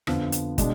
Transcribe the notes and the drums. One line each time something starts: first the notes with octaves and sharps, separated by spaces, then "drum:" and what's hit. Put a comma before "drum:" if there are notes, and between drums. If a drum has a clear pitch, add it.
F2 D3 F3 B3, drum: rim click
drum: hi-hat
B2 G#3 D4, drum: kick, hi-hat